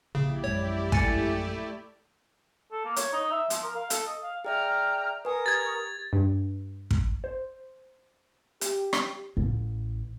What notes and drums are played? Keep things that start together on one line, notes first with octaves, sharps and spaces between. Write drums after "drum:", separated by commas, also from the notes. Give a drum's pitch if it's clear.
A#1 A#2 C#3 E4 G4 D5
A#1 F#2 G#3 C#5
A3 G#5 A6 C#7, drum: kick
A4
A#3
C#5, drum: hi-hat
D#4
E5
F3, drum: hi-hat
A#4
F5
A4, drum: hi-hat
D#5
F5
G#4 D5 E5 G5 A#5 F6
A#4 B4 G#5 C#6 D#6
G4 G#6 A6
G2
drum: kick
C5
G4, drum: hi-hat
drum: rim click
A1